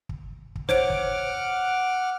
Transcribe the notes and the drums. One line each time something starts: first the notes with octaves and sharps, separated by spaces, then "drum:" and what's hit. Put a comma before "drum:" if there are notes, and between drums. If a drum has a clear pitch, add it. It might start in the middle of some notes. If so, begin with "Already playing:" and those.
drum: kick
drum: kick
C5 C#5 F#5 D6 F6 D7, drum: snare
drum: kick